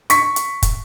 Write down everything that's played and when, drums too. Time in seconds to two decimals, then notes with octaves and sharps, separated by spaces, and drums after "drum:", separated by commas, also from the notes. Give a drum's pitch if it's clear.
0.10 C#6 B6, drum: hi-hat
0.36 drum: hi-hat
0.63 drum: kick, hi-hat